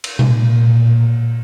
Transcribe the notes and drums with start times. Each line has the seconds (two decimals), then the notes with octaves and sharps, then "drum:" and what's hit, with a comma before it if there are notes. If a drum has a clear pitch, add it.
0.04 drum: cymbal
0.19 A#2, drum: tom B2